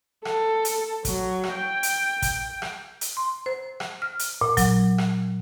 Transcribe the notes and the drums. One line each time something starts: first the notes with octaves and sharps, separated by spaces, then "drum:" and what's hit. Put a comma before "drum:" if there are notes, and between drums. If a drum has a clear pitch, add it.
A4, drum: rim click
drum: hi-hat
F#3, drum: kick, hi-hat
drum: rim click
G5
drum: hi-hat
drum: kick, hi-hat
drum: rim click
drum: hi-hat
C6
C5
drum: rim click
F6
drum: hi-hat
A#2
F#3, drum: kick, hi-hat
drum: rim click